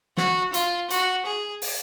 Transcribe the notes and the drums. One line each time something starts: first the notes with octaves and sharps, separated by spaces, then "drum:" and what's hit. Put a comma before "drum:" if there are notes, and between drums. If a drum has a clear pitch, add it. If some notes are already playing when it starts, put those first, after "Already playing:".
F#4, drum: snare
F4, drum: hi-hat
F#4, drum: hi-hat
G#4
drum: open hi-hat